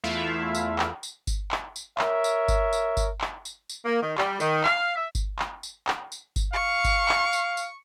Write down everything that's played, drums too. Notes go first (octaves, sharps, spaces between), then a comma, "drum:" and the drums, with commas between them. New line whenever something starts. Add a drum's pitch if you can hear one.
E2 A3 E4 F4 E5 F5
drum: tambourine
drum: clap
drum: tambourine
drum: kick G1, tambourine
drum: clap
drum: tambourine
A#4 C#5 E5, drum: clap
drum: tambourine
drum: kick G1, tambourine
drum: tambourine
drum: kick G1, tambourine
drum: clap
drum: tambourine
drum: tambourine
A#3
D#3
G3, drum: clap
D#3, drum: tambourine
F5, drum: clap
E5
drum: kick G1, tambourine
drum: clap
drum: tambourine
drum: clap
drum: tambourine
drum: kick G1, tambourine
F5 C#6
drum: kick G1, tambourine
drum: clap
drum: tambourine
drum: tambourine